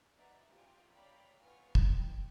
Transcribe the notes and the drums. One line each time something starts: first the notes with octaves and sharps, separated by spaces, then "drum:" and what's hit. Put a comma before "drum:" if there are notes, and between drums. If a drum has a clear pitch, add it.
D#4 B4 D5 E5 F#5 A#5
C4 F4 G4 G5 G#5
C#5 D5 F5 G5 A#5 B5
B3 F4 G#5 C#6 F6
G5, drum: kick